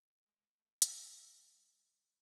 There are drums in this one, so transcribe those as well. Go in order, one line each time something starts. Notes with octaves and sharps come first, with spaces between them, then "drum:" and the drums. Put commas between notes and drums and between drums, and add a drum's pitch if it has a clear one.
G#3
A3
G#3, drum: hi-hat